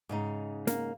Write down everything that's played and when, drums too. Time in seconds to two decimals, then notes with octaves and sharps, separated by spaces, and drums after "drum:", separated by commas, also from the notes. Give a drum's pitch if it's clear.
0.09 G#2 C#3 D#4
0.67 A#3, drum: snare